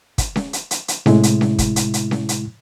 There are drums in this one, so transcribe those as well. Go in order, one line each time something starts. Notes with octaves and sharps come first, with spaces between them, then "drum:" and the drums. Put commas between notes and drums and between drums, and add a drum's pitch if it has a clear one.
drum: kick, hi-hat
drum: snare C#4
drum: hi-hat
drum: hi-hat
drum: hi-hat
A2 C3 G#3 E4, drum: snare C#4
drum: hi-hat
drum: snare C#4
drum: kick, hi-hat
drum: hi-hat
drum: hi-hat
drum: snare C#4
drum: hi-hat